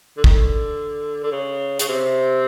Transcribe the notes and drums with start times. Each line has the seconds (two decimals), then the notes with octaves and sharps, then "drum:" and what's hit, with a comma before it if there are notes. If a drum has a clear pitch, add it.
0.17 D3
0.24 D#3, drum: kick
0.31 D3
1.23 D3
1.32 C#3
1.79 C#3, drum: hi-hat
1.89 C3